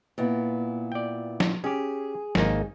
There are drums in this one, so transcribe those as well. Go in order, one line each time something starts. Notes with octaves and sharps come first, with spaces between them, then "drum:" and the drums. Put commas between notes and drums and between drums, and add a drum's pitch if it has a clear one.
A#2 B3 E4
D5 G5
drum: snare F#3
C#4 G4 G#4
G#1 A#3 D#4, drum: snare F#3